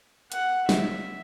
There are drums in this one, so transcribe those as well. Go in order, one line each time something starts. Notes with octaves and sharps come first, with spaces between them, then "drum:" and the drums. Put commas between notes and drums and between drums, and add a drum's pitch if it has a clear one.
F#5, drum: hi-hat
E5, drum: snare